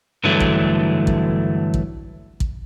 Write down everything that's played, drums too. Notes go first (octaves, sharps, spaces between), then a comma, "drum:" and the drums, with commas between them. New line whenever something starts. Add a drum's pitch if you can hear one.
G2 D3 E3 F#3 A3
drum: kick
drum: kick
drum: kick
drum: kick